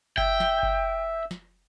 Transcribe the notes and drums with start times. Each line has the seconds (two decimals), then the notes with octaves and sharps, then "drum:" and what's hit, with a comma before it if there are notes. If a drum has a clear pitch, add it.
0.18 E5 G5, drum: kick F#1
0.40 drum: snare
0.63 drum: kick F#1
1.31 drum: snare